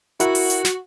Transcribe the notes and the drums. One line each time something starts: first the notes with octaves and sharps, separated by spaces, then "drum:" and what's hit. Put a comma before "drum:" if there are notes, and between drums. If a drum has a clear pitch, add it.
E4 F#4 A#4 F#5, drum: hi-hat
drum: open hi-hat
drum: hi-hat
drum: snare